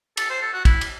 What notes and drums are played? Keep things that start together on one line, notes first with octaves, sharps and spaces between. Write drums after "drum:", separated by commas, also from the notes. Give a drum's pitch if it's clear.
A4, drum: cymbal
C5
A4
F#4
E4, drum: kick, cymbal
drum: cymbal